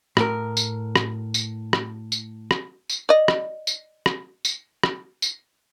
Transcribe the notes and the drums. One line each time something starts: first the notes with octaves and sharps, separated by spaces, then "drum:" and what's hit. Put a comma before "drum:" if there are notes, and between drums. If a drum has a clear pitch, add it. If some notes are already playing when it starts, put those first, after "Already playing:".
A2 A#4, drum: rim click
drum: tambourine
drum: rim click
drum: tambourine
drum: rim click
drum: tambourine
drum: rim click
drum: tambourine
D5 D#5
drum: rim click
drum: tambourine
drum: rim click
drum: tambourine
drum: rim click
drum: tambourine